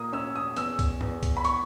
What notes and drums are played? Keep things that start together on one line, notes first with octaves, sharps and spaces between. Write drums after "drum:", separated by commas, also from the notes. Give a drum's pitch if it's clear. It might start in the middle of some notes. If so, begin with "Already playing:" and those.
Already playing: A#2 A#3 D#6
C#4 E6
D#6
E2 E6, drum: hi-hat
drum: kick C2, hi-hat
E2, drum: tom G2
drum: kick C2, hi-hat
B5
C#6, drum: hi-hat